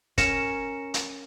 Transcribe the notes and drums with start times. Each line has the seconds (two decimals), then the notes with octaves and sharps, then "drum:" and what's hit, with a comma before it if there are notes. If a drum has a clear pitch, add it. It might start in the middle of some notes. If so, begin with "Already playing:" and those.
0.18 C#4 A#4 A#6 C#7 E7, drum: kick, hi-hat
0.94 drum: hi-hat